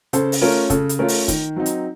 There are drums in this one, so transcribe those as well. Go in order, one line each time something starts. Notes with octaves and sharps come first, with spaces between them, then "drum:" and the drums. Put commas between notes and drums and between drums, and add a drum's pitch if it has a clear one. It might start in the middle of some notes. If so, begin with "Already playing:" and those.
C#3 A4 C5, drum: hi-hat
drum: open hi-hat
A3 C#4 F4 A#4
C#3 A4, drum: kick, hi-hat
drum: hi-hat
A3 C#4 F4 A#4
drum: open hi-hat
D#3, drum: kick, hi-hat
F#3 C4 D#4
drum: hi-hat